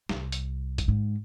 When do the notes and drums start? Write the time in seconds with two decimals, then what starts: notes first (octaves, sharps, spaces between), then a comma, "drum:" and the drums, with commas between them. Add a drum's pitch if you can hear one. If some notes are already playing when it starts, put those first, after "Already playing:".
0.09 C2, drum: snare
0.32 drum: hi-hat
0.78 drum: kick A1, hi-hat
0.88 G#2